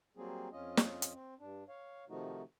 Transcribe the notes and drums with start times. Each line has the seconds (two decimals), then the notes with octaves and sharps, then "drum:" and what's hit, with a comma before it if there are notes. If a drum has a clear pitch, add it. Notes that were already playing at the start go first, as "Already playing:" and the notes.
0.17 F#3 G3 A#3 C4 G#4
0.52 F2 C#4 F4 D#5
0.77 drum: snare
1.02 drum: hi-hat
1.13 C4
1.39 G2 D4
1.68 C#5 F5
2.09 C3 D#3 F3 A3 D#4 F#4